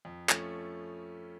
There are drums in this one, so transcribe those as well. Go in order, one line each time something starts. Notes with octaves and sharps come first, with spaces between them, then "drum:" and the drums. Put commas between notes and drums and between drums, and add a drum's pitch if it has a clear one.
F2
F3 A3 C#4, drum: clap